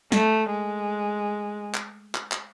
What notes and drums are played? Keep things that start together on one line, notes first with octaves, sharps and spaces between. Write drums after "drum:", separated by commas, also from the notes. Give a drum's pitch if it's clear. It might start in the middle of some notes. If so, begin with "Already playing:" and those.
A3, drum: snare
G#3
drum: clap
drum: clap
drum: clap